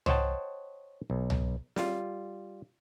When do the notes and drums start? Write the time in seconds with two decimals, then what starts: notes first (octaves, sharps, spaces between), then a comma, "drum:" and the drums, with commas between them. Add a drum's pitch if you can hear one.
0.06 C5 C#5 D#5 F#5 G5 A5, drum: tom C2
1.10 B1
1.30 drum: tom C2
1.76 G3 F4, drum: snare